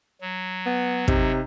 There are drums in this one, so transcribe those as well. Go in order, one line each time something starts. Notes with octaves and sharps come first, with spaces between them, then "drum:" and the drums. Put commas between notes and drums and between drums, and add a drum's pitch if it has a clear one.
F#3
B3
C3 D#4, drum: kick